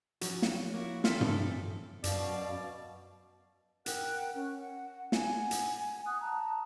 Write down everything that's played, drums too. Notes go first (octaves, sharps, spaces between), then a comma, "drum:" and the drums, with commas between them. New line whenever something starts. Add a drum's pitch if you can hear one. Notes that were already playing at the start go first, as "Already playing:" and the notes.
F3 F#3 C#4 F#4, drum: hi-hat
drum: snare
A#3 E4 F#4
E3 C4 A4 C6 F6 B6, drum: snare
drum: tom G2
F#2 B2 D5 F5 A5, drum: hi-hat
A#4 F#5 G5 F#6, drum: hi-hat
C#4
F#5
F#5 G#5, drum: snare
drum: hi-hat
F#5 D#6 F#6
A5 A#5